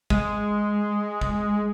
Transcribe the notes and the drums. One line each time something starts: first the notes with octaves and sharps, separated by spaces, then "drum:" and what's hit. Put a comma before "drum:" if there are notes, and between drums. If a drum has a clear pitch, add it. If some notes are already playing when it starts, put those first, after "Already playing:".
G#3, drum: kick G#1
drum: kick G#1